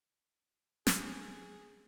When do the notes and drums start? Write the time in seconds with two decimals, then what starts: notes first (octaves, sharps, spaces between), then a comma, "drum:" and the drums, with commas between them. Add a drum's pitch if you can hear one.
0.87 G#4, drum: snare